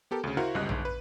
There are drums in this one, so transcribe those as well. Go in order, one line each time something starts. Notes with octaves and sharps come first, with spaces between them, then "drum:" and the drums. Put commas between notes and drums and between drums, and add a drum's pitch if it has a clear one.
B3 G4 A4 A#4
D2 C#3
E4 F#4 A#4 C5 F5 F#5
G1 C#2 G3 D#5 F#6
G1 G#2, drum: tom A#1
B4